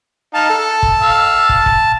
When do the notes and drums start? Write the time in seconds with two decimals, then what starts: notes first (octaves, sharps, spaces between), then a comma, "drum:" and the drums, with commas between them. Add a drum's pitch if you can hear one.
0.34 D#4 F5 A5
0.49 A4
0.83 drum: kick
1.02 F5 E6
1.49 drum: kick
1.66 drum: kick